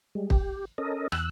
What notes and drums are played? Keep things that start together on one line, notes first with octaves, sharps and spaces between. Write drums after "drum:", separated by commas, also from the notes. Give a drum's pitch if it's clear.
G3 G#3
G4, drum: kick
C#4 A4 A#4 D#5
E2 E6 F#6, drum: rim click